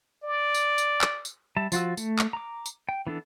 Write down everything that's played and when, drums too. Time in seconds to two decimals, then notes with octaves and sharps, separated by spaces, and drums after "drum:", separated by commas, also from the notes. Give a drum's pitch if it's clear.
0.23 D5
0.55 drum: tambourine
0.78 drum: tambourine
1.01 drum: clap
1.25 drum: tambourine
1.57 G3 E5 A5
1.72 F3 F4 F#4 E6, drum: tambourine
1.97 A3, drum: tambourine
2.19 drum: clap
2.33 A#5 D6
2.66 drum: tambourine
2.89 G5
3.07 E3 B3 D4 A4